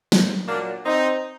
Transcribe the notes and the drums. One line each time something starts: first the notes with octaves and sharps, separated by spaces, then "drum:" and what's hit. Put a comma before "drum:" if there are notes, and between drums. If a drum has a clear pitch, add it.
drum: snare
A#2 F#3 A#3 D4
C4 D#4